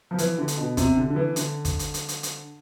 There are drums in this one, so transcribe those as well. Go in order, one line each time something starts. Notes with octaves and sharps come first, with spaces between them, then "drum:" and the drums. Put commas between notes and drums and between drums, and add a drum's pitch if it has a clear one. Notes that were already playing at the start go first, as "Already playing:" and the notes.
F3
E3, drum: hi-hat
D3
drum: hi-hat
B2
C3, drum: kick, hi-hat
D3
D3
E3
D3, drum: hi-hat
drum: kick, hi-hat
drum: hi-hat
drum: hi-hat
drum: hi-hat
drum: hi-hat